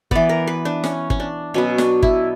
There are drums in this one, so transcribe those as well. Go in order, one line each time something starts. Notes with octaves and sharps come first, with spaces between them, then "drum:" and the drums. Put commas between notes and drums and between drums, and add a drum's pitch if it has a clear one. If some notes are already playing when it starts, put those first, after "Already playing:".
E3 B3 D5, drum: kick
A#4
B4
D4
C#4, drum: snare
C#4, drum: kick
D4
B2 F#3 B3 C#4
D4, drum: snare
E4, drum: kick